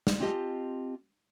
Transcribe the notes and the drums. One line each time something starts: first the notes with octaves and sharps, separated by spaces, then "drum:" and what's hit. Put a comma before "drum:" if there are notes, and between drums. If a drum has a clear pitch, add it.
drum: snare
C4 F4 G4 D#5 G5 A5